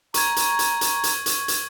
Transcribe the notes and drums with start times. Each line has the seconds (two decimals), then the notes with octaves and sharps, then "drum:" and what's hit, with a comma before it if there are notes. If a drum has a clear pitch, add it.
0.14 A#5 C#6 G#6, drum: hi-hat
0.36 drum: hi-hat
0.59 drum: hi-hat
0.81 drum: hi-hat
1.03 drum: hi-hat
1.26 drum: hi-hat
1.48 drum: hi-hat